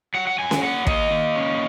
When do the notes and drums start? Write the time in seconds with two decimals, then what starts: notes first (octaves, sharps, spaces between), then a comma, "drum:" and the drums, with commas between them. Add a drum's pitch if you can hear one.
0.14 F#3 F#5
0.27 F#5
0.39 F#3 G#5
0.51 drum: snare C#4
0.63 A#3 F#5
0.87 A#3 D#5, drum: kick
1.11 A#3
1.36 C#4